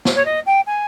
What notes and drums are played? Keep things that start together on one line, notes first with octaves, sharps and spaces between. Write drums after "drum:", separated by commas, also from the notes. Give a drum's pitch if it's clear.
drum: snare
C#5
D#5
G5
G#5